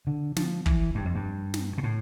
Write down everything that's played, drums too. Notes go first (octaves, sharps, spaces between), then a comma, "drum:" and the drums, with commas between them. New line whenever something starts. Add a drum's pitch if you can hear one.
D3
F3, drum: snare
E3, drum: kick
G2
F2
G2
drum: snare
B2
A2